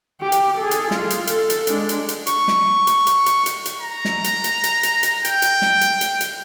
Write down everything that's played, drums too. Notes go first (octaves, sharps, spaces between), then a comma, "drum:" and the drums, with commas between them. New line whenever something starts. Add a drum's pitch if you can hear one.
G4
drum: hi-hat
G#4 A4
drum: hi-hat
F4, drum: snare
drum: hi-hat
A4, drum: hi-hat
drum: hi-hat
G#3 D4, drum: hi-hat
drum: hi-hat
drum: hi-hat
C#6, drum: hi-hat
drum: snare
drum: hi-hat
drum: hi-hat
drum: hi-hat
drum: hi-hat
drum: hi-hat
A#5
drum: snare
drum: hi-hat
drum: hi-hat
drum: hi-hat
drum: hi-hat
drum: hi-hat
G5, drum: hi-hat
drum: hi-hat
drum: snare
drum: hi-hat
drum: hi-hat
drum: hi-hat